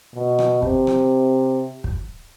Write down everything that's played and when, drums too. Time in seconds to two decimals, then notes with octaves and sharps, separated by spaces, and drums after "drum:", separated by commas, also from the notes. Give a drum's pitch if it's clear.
0.14 B2
0.39 drum: rim click
0.62 C3, drum: kick
0.87 drum: rim click
1.84 drum: kick